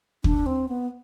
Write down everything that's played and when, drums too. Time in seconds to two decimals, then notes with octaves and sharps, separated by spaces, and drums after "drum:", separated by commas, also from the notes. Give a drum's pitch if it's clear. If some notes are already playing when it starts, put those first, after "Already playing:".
0.24 D4, drum: kick
0.46 C4
0.69 B3